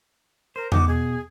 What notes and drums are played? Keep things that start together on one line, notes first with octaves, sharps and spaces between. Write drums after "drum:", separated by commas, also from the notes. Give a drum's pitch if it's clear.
A#4 C5
B3 D#4 F#4 D6, drum: tom E2
B2 G#4